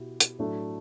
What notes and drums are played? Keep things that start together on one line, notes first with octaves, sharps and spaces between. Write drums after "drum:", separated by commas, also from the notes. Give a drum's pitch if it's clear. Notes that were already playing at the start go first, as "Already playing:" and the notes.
Already playing: B2 E4 G4
drum: hi-hat
A2 F#3 A3 D4 A4